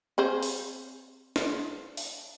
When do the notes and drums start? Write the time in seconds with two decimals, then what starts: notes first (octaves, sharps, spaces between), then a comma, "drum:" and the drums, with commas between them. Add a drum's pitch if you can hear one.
0.18 C4 G#4 C5
0.43 drum: open hi-hat
1.36 drum: snare
1.97 drum: open hi-hat